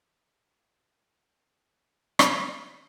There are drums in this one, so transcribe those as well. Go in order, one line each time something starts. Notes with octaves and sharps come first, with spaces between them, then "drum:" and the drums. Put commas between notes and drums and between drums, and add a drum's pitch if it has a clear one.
D#4 F#4 A4 C5 A5
A#3
A#2 C4 B5 F#6 G6
drum: rim click
F#2 F3 G3 D7